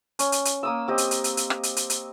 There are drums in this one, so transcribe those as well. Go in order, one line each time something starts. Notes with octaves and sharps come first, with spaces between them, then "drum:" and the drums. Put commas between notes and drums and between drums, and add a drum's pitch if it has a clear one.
C#4, drum: hi-hat
drum: hi-hat
drum: hi-hat
A#3 D#6 E6
C4 G4 D#5
drum: hi-hat
drum: hi-hat
drum: hi-hat
drum: hi-hat
drum: rim click
drum: hi-hat
drum: hi-hat
drum: hi-hat